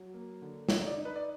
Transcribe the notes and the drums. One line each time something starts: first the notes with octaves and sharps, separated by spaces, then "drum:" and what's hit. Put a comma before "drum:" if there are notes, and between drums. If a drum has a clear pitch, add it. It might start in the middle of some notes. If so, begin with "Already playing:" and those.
Already playing: F#3
A#3
D3
D#4 C#5, drum: snare
D5
D#4
B4
D5